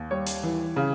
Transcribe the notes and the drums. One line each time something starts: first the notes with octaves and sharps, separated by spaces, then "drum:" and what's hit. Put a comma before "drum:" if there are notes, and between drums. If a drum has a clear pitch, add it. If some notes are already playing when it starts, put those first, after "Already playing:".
Already playing: D#2
G3 C#5
drum: hi-hat
E3
C#3